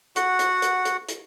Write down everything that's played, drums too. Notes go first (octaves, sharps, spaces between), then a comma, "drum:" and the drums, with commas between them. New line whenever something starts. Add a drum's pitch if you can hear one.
F#4 F#5, drum: hi-hat
drum: hi-hat
drum: hi-hat
drum: hi-hat
drum: hi-hat